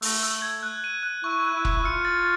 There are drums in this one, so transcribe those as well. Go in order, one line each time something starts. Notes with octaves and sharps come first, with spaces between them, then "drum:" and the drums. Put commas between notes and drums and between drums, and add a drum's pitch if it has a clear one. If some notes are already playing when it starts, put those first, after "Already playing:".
A3 E6, drum: open hi-hat
E6
G#6
F#6
D#7
F#6
E4 C#6
F#6
E4
C#6, drum: kick F1
E4
F4 C#7
A6